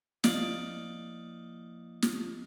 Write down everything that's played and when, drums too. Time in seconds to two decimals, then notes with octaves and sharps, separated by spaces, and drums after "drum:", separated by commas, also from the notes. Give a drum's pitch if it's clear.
0.24 F3 A#3 D#4 E4 D5 F5, drum: snare
2.02 drum: snare